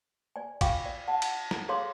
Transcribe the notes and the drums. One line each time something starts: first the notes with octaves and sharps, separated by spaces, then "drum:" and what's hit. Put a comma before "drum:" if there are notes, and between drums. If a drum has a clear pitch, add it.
D5 G#5
F4 F5 G5 G#5 C#6 D6, drum: kick A#1, cymbal
D5
F#5 A5
drum: cymbal
A#5, drum: snare
G#4 A4 C#5 F5 C6 D6